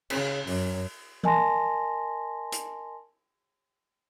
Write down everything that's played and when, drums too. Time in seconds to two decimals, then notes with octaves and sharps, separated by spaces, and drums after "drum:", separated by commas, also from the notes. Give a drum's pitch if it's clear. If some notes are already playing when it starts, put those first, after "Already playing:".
0.10 C#3, drum: cymbal
0.47 F#2, drum: open hi-hat
1.23 A#4 D#5 G#5 A5 C6 A#6, drum: tom E3
2.52 drum: hi-hat